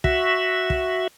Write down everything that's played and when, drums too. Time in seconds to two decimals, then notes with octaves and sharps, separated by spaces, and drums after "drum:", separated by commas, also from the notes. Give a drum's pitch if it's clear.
0.04 F#4 E5, drum: kick
0.70 drum: kick